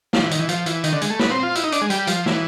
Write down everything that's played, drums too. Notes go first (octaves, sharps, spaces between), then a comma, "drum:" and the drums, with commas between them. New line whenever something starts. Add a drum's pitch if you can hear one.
F3, drum: snare
E3
D#3, drum: hi-hat
E3
F3, drum: hi-hat
E3, drum: hi-hat
D#3, drum: hi-hat
D3
G#3, drum: hi-hat
A3
B3, drum: snare
C4
F4
E4, drum: hi-hat
D#4
D4, drum: hi-hat
G#3
G3, drum: hi-hat
F3, drum: hi-hat
E3, drum: snare